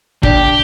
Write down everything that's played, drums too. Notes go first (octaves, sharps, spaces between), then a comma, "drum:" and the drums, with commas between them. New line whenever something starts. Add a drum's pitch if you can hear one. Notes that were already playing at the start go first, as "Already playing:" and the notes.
D4 G4, drum: kick